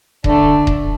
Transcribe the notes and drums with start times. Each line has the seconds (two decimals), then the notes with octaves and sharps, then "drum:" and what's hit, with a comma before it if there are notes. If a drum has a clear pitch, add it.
0.24 D3 A3 D4, drum: kick D#1
0.67 drum: kick D#1